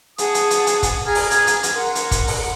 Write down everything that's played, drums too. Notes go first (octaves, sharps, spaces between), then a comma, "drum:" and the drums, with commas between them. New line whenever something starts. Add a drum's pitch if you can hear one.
G#4 F#5 A5 D#6, drum: hi-hat
drum: hi-hat
drum: hi-hat
drum: hi-hat
drum: kick, hi-hat
G#4 A#5 F6 G#6
drum: open hi-hat
drum: hi-hat
drum: hi-hat
drum: hi-hat
A#4 F#5 C6
drum: hi-hat
drum: kick, hi-hat
drum: open hi-hat